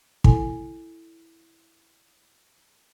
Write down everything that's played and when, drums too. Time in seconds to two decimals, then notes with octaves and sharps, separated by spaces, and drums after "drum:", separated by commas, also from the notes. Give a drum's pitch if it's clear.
0.24 E4 A4 G#5, drum: kick